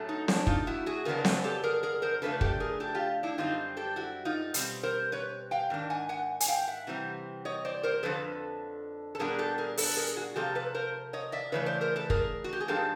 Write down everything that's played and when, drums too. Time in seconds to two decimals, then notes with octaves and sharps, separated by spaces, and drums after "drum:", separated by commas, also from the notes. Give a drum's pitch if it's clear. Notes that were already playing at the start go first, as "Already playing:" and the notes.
Already playing: A2 F#3 A3 C#4
0.09 D#4
0.28 D4 E4, drum: snare C4
0.47 D#4 F4, drum: kick
0.67 E4 F#4
0.86 F#4 G#4
1.05 F2 C#3 F#3 B3 D4 A#4
1.25 A4 B4, drum: snare C4
1.44 G4 A4
1.63 G#4 A#4
1.83 G#4 A#4
2.02 A#4 C5
2.22 C#3 F3 A3 D4 A4 B4
2.41 G4 A4, drum: kick
2.60 G#4 A#4
2.80 G4 A4
2.94 F4 G4
3.23 D4 E4
3.38 F#2 D3 G3 C4 D#4 F4
3.77 G4 A4
3.96 E4 F#4
4.25 D#4 F4
4.54 B2 G3 C4, drum: hi-hat
4.83 A#4 C5
5.12 B4 C#5
5.51 F5 G5
5.70 G#2 D#3 D4
5.90 F#5 G#5
6.09 F#5 G#5
6.40 G#5, drum: hi-hat
6.48 F5 G5
6.67 E5 F#5
6.87 C3 E3 G3 C4
7.45 C#5 D#5
7.65 C5 D5
7.83 A#4 C5
8.03 F2 D3 F3 A4 B4
9.15 A4
9.20 A#2 G3 B3 D4 G#4 A#4
9.39 G4 A4
9.58 G#4 A#4
9.77 A4 B4, drum: open hi-hat
9.97 G#4 A#4
10.16 F#4 G#4
10.36 C3 F3 A#3 G4 A4
10.55 A4 B4
10.74 A#4 C5
11.13 C#5 D#5
11.32 D5 E5
11.52 C#3 E3 A3 B4 C#5
11.66 C5 D5
11.81 A#4 C5
11.96 A4 B4
12.10 G#4 A#4, drum: kick
12.44 F#4
12.53 G4
12.61 G#4
12.68 G#2 F3 A#3 D4 G4 A4